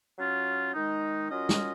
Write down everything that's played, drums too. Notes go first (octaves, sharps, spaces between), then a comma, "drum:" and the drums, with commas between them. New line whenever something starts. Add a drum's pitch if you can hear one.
F#3 C#4 F4
D#3 G#3 D#4
F#3 C#4 F4 A#4 D#5
drum: snare